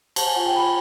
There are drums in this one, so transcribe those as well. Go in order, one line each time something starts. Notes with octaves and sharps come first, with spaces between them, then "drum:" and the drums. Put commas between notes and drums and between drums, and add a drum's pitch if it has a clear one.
C5 A5, drum: cymbal
G#5
F4 F#5
G5
F4 B5